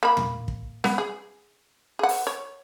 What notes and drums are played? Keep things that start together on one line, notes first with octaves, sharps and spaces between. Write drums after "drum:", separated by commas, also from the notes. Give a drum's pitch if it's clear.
A#3 B5
drum: tom
drum: kick
B3, drum: snare
G#4
G#4 F#5
drum: open hi-hat
C#5